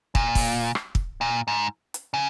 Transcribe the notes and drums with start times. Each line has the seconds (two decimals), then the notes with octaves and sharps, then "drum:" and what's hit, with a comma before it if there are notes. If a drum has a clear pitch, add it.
0.15 A#2, drum: kick
0.35 drum: kick, open hi-hat
0.75 drum: rim click
0.95 drum: kick
1.21 A#2
1.48 G#2
1.94 drum: hi-hat
2.14 C#3